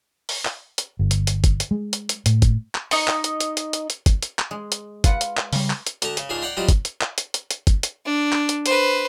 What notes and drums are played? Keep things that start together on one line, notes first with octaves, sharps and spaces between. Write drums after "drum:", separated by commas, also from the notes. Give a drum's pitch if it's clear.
drum: open hi-hat
drum: clap
drum: hi-hat
G1
drum: hi-hat
drum: hi-hat
drum: kick, hi-hat
drum: hi-hat
G#3
drum: hi-hat
drum: hi-hat
A2, drum: hi-hat
drum: kick, hi-hat
drum: clap
D#4 D#5 C#6, drum: open hi-hat
drum: clap
drum: hi-hat
drum: hi-hat
drum: hi-hat
drum: hi-hat
drum: hi-hat
drum: kick, hi-hat
drum: hi-hat
drum: clap
G#3
drum: hi-hat
F4 B4 F#5, drum: kick, hi-hat
drum: hi-hat
drum: clap
C#3 G3, drum: open hi-hat
drum: clap
drum: hi-hat
D2 D3 A5 A#5, drum: hi-hat
C#3, drum: hi-hat
C#2 G#2 D4 G#4 F5 C6
D5 F#5 G5 A#5 C6
F#3 G3 C4 F4 D5 D#5
drum: kick, hi-hat
drum: hi-hat
drum: clap
drum: hi-hat
drum: hi-hat
drum: hi-hat
drum: kick, hi-hat
drum: hi-hat
D4
drum: clap
drum: hi-hat
B4 C5, drum: hi-hat